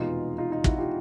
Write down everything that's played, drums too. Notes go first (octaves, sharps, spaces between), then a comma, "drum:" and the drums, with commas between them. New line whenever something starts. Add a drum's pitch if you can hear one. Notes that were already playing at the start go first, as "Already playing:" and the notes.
Already playing: F1 E2 B2 G#3 D#4 F4
D#4 F4
D#4 F4
E4 F#4, drum: kick
F4 G4